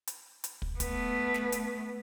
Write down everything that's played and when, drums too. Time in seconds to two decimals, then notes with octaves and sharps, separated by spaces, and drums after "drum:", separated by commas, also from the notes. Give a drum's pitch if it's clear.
0.07 drum: hi-hat
0.44 drum: hi-hat
0.62 drum: kick
0.80 A3 B3, drum: kick, hi-hat
1.34 drum: snare
1.52 drum: hi-hat